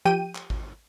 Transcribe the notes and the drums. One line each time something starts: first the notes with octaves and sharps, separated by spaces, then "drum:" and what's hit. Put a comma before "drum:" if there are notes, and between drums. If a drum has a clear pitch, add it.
F3 G4 G5 D#7
drum: clap
drum: kick G#1